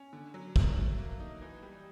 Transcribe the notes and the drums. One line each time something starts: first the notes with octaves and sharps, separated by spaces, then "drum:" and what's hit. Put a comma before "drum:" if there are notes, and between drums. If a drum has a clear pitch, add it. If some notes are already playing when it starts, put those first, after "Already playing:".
Already playing: C#4
D3
F#3
A3, drum: kick
F#3
A#3
D#4
E3
G3